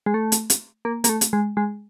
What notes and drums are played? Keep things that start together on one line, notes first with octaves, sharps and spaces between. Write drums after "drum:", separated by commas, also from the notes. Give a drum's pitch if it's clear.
G#3
A3
drum: hi-hat
drum: hi-hat
A#3
A#3, drum: hi-hat
A3
drum: hi-hat
G#3
G#3